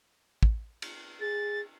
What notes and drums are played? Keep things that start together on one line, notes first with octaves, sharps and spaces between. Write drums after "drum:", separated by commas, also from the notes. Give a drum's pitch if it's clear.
drum: kick
drum: cymbal
G#4 A6